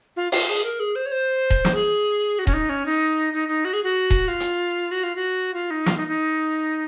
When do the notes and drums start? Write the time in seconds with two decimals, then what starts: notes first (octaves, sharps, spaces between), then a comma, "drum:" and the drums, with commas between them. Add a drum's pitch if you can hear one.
0.16 F4
0.32 F4, drum: open hi-hat
0.49 G#4
0.64 A#4
0.80 G#4
0.95 C5
1.06 C#5
1.12 C5
1.50 drum: kick D#1
1.65 drum: snare
1.75 G#4
2.39 F#4
2.47 C#4, drum: kick D#1
2.54 D#4
2.69 C#4
2.86 D#4
3.33 D#4
3.48 D#4
3.65 F#4
3.73 G#4
3.84 F#4
4.10 drum: kick D#1
4.28 F4
4.40 drum: hi-hat
4.91 F#4
5.04 F4
5.16 F#4
5.54 F4
5.71 D#4
5.86 F4, drum: snare
5.97 D#4
6.08 D#4